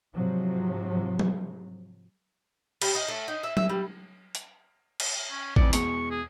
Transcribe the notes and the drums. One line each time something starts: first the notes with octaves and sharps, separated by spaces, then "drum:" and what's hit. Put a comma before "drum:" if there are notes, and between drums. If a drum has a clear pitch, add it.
G#2 C3 F3 F#3
drum: tom F#3
G3, drum: cymbal
D#4
A3
D#4
E5
E5, drum: tom F#3
G3
drum: hi-hat
drum: cymbal
C#4
F2 E3 D5 C#7, drum: kick
E2 B2 G#3 C#6, drum: hi-hat
G#4